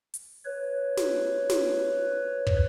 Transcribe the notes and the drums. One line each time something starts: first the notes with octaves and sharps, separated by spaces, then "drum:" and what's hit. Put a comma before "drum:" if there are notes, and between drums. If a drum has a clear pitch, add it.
drum: hi-hat
B4 C#5
drum: snare
drum: snare
drum: kick